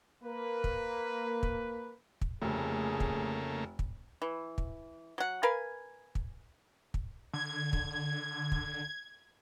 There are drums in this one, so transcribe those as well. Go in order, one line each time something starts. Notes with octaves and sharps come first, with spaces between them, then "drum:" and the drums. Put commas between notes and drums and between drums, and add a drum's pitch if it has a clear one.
A#3 A#4 B4
drum: kick
drum: kick
drum: kick
F1 C#3 A3 A#3 G#4
drum: kick
drum: kick
E3
drum: kick
F#3 F#5
A#4 B4 F5 G#5
drum: kick
drum: kick
D3 G#6
drum: kick
drum: kick